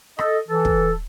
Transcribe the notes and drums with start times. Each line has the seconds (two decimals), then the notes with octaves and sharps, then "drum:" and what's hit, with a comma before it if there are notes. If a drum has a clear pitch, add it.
0.19 A4 D#5, drum: rim click
0.49 E3 A4
0.65 drum: kick